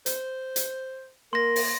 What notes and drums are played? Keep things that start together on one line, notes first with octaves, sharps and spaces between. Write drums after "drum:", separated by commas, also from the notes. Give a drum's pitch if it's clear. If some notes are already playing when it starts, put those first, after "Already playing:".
C5, drum: hi-hat
drum: hi-hat
A#3 A#4 C6 A#6
drum: open hi-hat